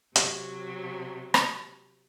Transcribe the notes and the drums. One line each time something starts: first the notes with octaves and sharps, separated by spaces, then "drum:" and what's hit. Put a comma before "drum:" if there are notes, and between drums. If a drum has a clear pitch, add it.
C3 F#3, drum: hi-hat
drum: rim click